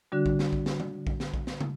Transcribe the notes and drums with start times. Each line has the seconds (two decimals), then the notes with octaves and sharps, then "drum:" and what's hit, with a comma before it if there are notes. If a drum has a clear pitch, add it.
0.12 D3 G3 D4 F#4
0.26 drum: kick A#1
0.39 drum: snare
0.53 drum: kick A#1
0.66 drum: snare
0.80 drum: tom D3
1.07 drum: kick A#1
1.20 drum: snare
1.34 drum: kick A#1
1.47 drum: snare
1.61 drum: tom